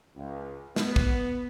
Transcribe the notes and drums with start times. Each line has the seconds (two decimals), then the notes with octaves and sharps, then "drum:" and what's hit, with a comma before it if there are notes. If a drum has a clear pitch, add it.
0.16 C#2
0.76 B3, drum: snare
0.96 drum: kick